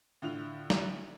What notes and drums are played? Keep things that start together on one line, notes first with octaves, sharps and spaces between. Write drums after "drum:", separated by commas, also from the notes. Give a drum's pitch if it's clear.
A2 D3 F4 F7
drum: snare